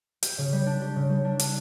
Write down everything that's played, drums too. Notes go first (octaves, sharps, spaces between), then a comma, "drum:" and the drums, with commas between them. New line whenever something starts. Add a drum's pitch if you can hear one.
G4, drum: hi-hat
C#3
G3
D4
G4
C#3
G3
D4
D4, drum: hi-hat